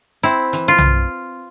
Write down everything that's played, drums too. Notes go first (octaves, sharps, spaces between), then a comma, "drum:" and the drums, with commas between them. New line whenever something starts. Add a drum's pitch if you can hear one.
C4 E4
E3, drum: hi-hat
F4
drum: tom B1